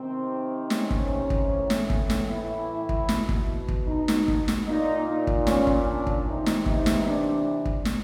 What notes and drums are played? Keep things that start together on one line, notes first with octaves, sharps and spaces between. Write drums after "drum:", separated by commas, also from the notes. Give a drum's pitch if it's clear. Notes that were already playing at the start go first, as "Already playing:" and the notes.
Already playing: C3 D#3 C4
C#4, drum: snare
drum: kick
drum: kick
A2 E3
drum: snare
drum: kick
drum: snare
E4
drum: kick
B2, drum: snare
drum: kick
drum: kick
D#4
drum: snare
drum: kick
drum: snare
A#2 D#4
D#4
drum: kick
C#4, drum: snare
drum: kick
D4
drum: kick
C3 E3 D#4
drum: snare
D#4, drum: kick
drum: snare
D4
drum: kick
drum: snare